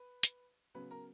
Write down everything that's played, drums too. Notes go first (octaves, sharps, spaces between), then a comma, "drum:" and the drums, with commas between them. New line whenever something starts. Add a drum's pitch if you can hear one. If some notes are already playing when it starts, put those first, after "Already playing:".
Already playing: B4 B5
drum: hi-hat
C#3 F#3 B3 B4 B5
A#4 A#5